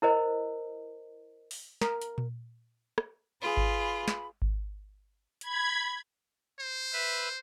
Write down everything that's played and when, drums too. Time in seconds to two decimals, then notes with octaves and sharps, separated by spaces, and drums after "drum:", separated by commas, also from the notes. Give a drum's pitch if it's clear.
0.02 E4 A#4 C5 D#5
1.51 drum: open hi-hat
1.81 A#4, drum: snare
2.02 drum: hi-hat
2.18 drum: tom A#2
2.98 drum: rim click
3.42 F4 G#4 B4 B5
3.57 drum: kick G#1
4.08 drum: snare
4.42 drum: kick G#1
5.41 B5 G#6, drum: hi-hat
6.59 C5
6.93 B4 E5